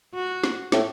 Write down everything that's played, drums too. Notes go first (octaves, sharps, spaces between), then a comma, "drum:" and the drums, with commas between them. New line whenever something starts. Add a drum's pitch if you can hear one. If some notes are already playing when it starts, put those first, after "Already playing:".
F#4
drum: snare
A2, drum: snare